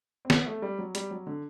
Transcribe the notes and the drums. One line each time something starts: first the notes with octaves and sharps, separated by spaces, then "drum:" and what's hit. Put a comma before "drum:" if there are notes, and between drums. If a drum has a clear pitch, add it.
C4
B3, drum: snare
A3
G3
F#3
G3, drum: hi-hat
F#3
D3